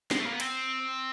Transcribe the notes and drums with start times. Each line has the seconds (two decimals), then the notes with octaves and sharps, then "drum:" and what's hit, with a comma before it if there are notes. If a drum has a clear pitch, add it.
0.11 G#3, drum: snare
0.18 A3
0.25 A#3
0.33 B3
0.40 C4, drum: cymbal